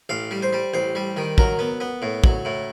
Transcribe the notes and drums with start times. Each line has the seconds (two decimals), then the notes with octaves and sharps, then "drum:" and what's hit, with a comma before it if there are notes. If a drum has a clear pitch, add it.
0.09 A1 F5
0.31 G3
0.42 C5
0.53 G3
0.74 A1 C5
0.95 G3
1.17 D#3
1.38 F#3 A#4, drum: kick
1.59 B3
1.80 B3
2.02 A2
2.24 F#3, drum: kick
2.45 A2